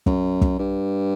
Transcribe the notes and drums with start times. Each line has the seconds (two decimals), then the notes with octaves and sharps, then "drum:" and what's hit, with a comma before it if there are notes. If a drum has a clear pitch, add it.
0.06 F#2, drum: kick
0.41 drum: kick
0.59 G2